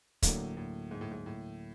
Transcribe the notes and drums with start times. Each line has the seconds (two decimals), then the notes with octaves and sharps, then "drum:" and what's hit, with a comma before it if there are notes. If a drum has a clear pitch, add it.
0.22 D2 A2 D3 F#3 A#3, drum: kick, hi-hat
0.57 A2
0.91 G#2
1.01 A2
1.11 G#2
1.26 A2